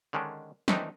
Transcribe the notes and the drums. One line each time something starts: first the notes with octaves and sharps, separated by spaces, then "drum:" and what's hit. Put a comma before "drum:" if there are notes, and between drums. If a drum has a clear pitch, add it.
D3 D#3 G#3 C#4 D4
D#3 E3 C4 D4 D#4, drum: snare